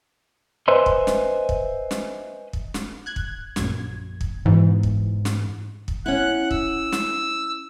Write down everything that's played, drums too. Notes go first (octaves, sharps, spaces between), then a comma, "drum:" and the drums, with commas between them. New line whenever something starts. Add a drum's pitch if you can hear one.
B4 C5 D#5 E5 G#5 C6
drum: kick
drum: snare
drum: kick
drum: snare
drum: kick
drum: snare
F#6 G#6
drum: kick
A#1 F#2 G#6, drum: snare
drum: kick
G#2 B2 E3
drum: kick
drum: snare
drum: kick
C#4 E4 F#5 F#6
E6, drum: kick
drum: snare